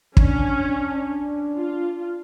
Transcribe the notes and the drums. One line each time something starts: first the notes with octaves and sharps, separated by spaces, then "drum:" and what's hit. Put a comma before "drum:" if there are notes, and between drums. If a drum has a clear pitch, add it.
C#4 D4, drum: kick
F4